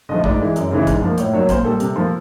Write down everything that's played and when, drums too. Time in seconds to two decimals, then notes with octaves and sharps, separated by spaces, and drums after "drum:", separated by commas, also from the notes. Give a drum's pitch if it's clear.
0.09 D3 F3 A3 D#5
0.24 G#2 D5, drum: kick
0.39 E3 G#3
0.56 F#2, drum: hi-hat
0.71 C#3 E3 G#3
0.87 G#2, drum: kick, hi-hat
1.02 F3 A#3
1.18 A2 C#5, drum: hi-hat
1.33 F#3 A#3 C#5
1.49 A#2 C5, drum: kick, hi-hat
1.64 G3 A#3 A4
1.80 C3, drum: hi-hat
1.96 F3 A#3